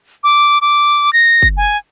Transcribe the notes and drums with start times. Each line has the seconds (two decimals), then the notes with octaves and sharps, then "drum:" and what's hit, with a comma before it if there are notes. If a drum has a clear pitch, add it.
0.24 D6
0.61 D6
1.13 A#6
1.42 drum: kick
1.57 G#5